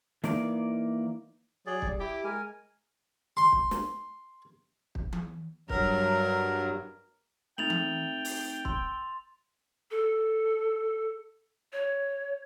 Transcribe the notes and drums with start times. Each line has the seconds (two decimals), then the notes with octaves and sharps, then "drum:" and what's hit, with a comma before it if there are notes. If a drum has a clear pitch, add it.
0.24 E3 A#3 D#4 D5, drum: snare
1.66 F#3 G#4 D5
1.82 G3, drum: kick
2.00 E4 G4 D6
2.24 G#3 A#4 G#5
3.37 C6
3.52 drum: kick
3.71 drum: snare
4.95 drum: kick
5.13 drum: tom E3
5.69 G2 F#3 A#4, drum: kick
7.58 A3 C4 D#4 G5 A6 F7 F#7
7.70 drum: tom E3
8.25 drum: open hi-hat
8.65 C6 E6, drum: kick
9.91 A4
11.73 C#5